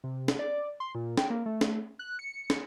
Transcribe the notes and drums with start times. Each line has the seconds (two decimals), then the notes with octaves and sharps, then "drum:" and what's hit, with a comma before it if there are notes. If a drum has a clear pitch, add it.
0.04 C3
0.28 drum: snare
0.39 D5
0.80 C6
0.95 A#2
1.18 G5, drum: snare
1.30 A#3
1.46 A3
1.61 drum: snare
1.99 F#6
2.19 C#7
2.50 drum: snare